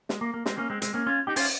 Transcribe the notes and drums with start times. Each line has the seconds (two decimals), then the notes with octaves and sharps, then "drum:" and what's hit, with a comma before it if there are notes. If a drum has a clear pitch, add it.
0.09 G#3, drum: snare
0.21 A#3
0.34 A#3
0.46 G#3 C4, drum: snare
0.58 A#3 C#4
0.70 G#3 C4
0.82 G#3 C4, drum: hi-hat
0.94 A#3 C#4
1.06 C#4 F4
1.27 D#4 G4
1.36 C#4 F4, drum: open hi-hat